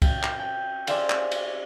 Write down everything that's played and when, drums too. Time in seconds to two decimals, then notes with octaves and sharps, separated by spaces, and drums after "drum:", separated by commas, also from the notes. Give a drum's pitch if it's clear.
0.02 G5, drum: kick C2, cymbal
0.23 drum: clap
0.40 G5
0.87 G4 G#4 C5 D5 E5 F5, drum: cymbal
1.10 drum: clap
1.31 drum: cymbal